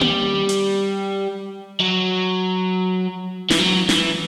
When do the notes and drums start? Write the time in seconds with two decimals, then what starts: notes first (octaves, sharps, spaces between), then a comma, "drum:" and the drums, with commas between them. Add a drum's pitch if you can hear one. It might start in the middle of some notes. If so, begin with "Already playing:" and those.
0.01 G3, drum: tom A#3
0.49 drum: hi-hat
1.80 F#3
3.50 E3, drum: snare
3.59 F#3
3.89 E3, drum: snare